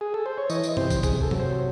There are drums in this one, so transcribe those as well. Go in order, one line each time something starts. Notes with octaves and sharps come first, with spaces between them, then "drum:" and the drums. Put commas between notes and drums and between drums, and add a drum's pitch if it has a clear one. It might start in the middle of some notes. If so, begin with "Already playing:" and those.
G#4
A4
C5
C#5
E3 D#5, drum: tambourine
drum: tambourine
C3 C5, drum: tom G2
drum: kick, tambourine
C3 G#4, drum: kick, tambourine
A4
F#3, drum: tom G2
C5